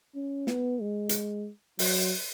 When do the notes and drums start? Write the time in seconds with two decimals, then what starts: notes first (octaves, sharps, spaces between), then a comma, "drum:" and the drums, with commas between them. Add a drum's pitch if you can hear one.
0.15 C#4
0.47 B3, drum: snare
0.81 G#3
1.09 drum: hi-hat
1.79 F#3, drum: open hi-hat